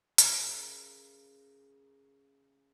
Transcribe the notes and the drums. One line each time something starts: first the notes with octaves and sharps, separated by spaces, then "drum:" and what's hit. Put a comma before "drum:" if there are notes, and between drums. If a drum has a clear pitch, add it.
C#3 A#4, drum: hi-hat